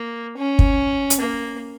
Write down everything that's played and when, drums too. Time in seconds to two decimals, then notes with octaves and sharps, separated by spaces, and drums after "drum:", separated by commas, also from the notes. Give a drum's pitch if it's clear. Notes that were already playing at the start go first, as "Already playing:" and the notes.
Already playing: A#3
0.38 C#4
0.59 drum: kick
1.10 drum: hi-hat
1.20 A#3